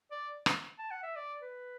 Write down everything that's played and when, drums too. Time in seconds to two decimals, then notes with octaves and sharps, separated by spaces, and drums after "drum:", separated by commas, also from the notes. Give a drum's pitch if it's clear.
0.11 D5
0.46 drum: rim click
0.79 A5
0.91 F#5
1.03 E5
1.16 D5
1.42 B4